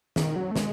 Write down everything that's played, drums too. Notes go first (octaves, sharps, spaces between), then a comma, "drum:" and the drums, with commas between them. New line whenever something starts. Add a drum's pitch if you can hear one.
D#3, drum: snare
F#3
A3
G#3, drum: snare